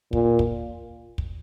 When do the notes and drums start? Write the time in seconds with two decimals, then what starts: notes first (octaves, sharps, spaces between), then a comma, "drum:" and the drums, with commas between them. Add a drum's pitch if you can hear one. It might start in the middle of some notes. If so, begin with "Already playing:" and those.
0.13 A#2, drum: kick
0.39 drum: kick
1.18 drum: kick